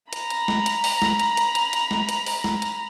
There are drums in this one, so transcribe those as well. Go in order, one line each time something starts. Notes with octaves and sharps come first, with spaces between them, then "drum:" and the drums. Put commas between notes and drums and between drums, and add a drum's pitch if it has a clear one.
A#5 B5, drum: hi-hat
drum: hi-hat
drum: snare
drum: hi-hat
drum: open hi-hat
drum: snare
drum: hi-hat
drum: hi-hat
drum: hi-hat
drum: hi-hat
drum: snare
drum: hi-hat
drum: open hi-hat
drum: snare
drum: hi-hat